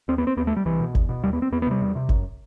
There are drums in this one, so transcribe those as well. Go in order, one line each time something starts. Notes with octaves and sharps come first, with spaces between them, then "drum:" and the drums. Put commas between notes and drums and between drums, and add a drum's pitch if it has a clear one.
D#2 C4
B3
C4
D#2 B3
A3
G3
C2 E3
B2
E2, drum: kick G1
B2
D#2 G3
B3
C4
E2 B3
B3
C3 G3
E2
C3
F#2, drum: kick G1